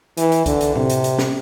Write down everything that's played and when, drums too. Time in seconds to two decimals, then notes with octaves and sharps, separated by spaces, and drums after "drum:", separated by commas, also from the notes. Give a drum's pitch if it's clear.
0.17 E3, drum: hi-hat
0.32 drum: hi-hat
0.46 D3, drum: kick, hi-hat
0.61 drum: hi-hat
0.75 C3, drum: tom A2
0.90 drum: hi-hat
1.04 drum: hi-hat
1.19 drum: snare